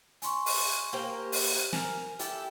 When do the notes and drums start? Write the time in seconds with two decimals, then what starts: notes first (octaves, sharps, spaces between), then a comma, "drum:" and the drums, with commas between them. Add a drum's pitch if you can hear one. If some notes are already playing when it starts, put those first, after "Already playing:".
0.22 G#5 C6 C#6, drum: hi-hat
0.46 drum: open hi-hat
0.93 A#3 G4 C5
1.32 drum: open hi-hat
1.73 A#4 G#5, drum: snare
2.19 E4 G4 A4 G5, drum: hi-hat